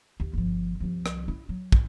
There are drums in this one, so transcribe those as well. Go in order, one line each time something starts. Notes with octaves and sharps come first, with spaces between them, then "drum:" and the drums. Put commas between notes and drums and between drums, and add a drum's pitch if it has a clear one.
D#2
G1 F3
C2 F3
drum: rim click
E4
F#3
G#1 E3, drum: kick